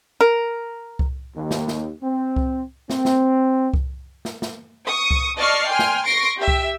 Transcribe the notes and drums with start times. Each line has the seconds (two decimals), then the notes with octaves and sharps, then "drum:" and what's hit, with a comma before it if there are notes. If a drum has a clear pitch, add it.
0.21 A#4
0.99 drum: kick C2
1.36 D#2
1.51 drum: snare
1.68 drum: snare
2.02 C4
2.36 drum: kick C2
2.90 C4, drum: snare
3.05 drum: snare
3.74 drum: kick C2
4.25 drum: snare
4.42 drum: snare
4.86 C#6 D#6
5.11 drum: kick C2
5.36 D5 D#5 A5 C#6 F6 C7
5.68 G5 G#5 C6 F6
5.79 drum: snare
6.06 C6 C#6 A#6 C7 D7
6.37 G4 E5
6.48 drum: kick C2